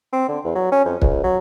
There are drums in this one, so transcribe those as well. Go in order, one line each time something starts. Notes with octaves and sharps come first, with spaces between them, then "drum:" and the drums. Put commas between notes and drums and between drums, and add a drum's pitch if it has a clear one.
C4
D3
E2
F#3
C#4
F2
C#2, drum: kick
F#3